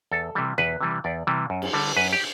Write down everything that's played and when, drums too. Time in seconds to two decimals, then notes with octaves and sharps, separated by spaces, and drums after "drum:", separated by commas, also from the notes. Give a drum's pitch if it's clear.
0.11 E2 A4
0.35 C3 E3 G3
0.58 E2 B4, drum: tom B2
0.81 C3 E3 G3
1.04 E2 D5
1.27 C3 E3 G3
1.50 F#2
1.62 drum: cymbal
1.73 D3 G3
1.96 F#2 B4
2.13 G4